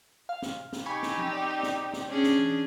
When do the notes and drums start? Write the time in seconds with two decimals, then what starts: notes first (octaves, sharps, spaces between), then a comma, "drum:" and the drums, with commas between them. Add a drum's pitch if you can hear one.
0.29 F5
0.42 drum: snare
0.73 drum: snare
0.86 C4 D#4 G4 G#5 B5 C#6
1.03 drum: snare
1.18 drum: tom F3
1.33 D5
1.63 drum: snare
1.93 drum: snare
2.09 C#4 D4 G#4
2.24 drum: snare
2.39 drum: tom E3